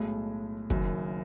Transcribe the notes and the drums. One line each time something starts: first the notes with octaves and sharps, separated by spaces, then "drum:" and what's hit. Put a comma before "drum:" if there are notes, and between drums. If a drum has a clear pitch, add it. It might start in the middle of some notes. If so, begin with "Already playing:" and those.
Already playing: B1 A2 G#3
F#1 F#2 D#3, drum: kick